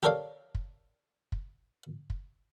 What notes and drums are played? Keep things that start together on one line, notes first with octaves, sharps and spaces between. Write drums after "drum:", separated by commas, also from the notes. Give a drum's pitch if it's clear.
G4 A4 A#4 C#5 D5 F5
drum: kick
drum: kick
drum: kick